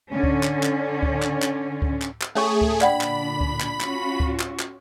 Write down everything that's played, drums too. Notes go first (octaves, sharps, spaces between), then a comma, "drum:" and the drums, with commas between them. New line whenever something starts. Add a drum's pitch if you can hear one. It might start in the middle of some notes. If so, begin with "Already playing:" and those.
D3 C#4
drum: kick C#2
drum: clap
drum: clap
drum: kick C#2
drum: clap
drum: clap
drum: kick C#2
drum: clap
drum: clap
A3 C#4 G#4 C#5 C#6
drum: kick C#2
A#2 D3 D4 D5 F#5 G5 B5, drum: clap
drum: clap
drum: kick C#2
drum: clap
C#4 F4 F#4, drum: clap
drum: kick C#2
drum: clap
drum: clap